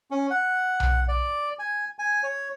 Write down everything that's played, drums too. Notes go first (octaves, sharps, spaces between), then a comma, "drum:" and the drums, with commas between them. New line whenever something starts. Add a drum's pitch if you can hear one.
C#4
F#5
drum: tom B1
D5
G#5
G#5
C#5